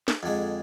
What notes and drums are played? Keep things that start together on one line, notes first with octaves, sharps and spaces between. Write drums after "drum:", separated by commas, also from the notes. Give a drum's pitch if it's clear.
drum: snare
F2 D3 G#3